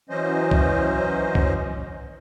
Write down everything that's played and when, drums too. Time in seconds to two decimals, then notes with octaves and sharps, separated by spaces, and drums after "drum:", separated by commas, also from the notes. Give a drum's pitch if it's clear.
0.10 E3 F#3 C#4 C5 D#5
0.51 drum: kick C2
1.35 drum: kick C2